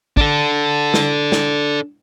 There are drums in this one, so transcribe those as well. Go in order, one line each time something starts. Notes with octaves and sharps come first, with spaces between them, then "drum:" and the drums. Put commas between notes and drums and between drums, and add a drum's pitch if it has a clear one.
D4 A4, drum: kick
drum: snare
drum: snare